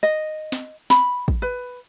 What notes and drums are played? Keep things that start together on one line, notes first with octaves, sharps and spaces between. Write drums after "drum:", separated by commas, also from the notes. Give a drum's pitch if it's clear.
D#5
drum: snare
B5, drum: snare
drum: kick
B4